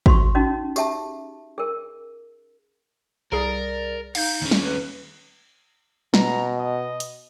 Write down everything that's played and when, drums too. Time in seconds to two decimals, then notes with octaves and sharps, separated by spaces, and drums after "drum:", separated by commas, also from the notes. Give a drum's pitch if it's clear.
0.06 F#4 C6 C#6, drum: kick
0.35 C#4 D#4 F#4
0.76 G4 G#4 E5 A5, drum: tambourine
1.58 G#4 A#4
3.32 C2 G#4 A#4 D5
4.15 D#4 F5 G6, drum: cymbal
4.42 D#2 C#4
4.51 drum: snare
4.62 B4
6.14 B2 A#5, drum: snare
6.59 D#5
7.00 drum: hi-hat